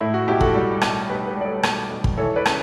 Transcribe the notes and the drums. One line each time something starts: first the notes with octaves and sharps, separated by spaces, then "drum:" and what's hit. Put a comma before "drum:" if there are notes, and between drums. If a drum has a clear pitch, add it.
A2 E4
F#4
B1 E4 G4
F#4 A4, drum: kick
G3
B1, drum: rim click
B1 G4 B4
G4 B4
G3 D5
A4 C#5
B1, drum: rim click
B1
drum: kick
E3 A4 C#5
B4 D5
C#3, drum: rim click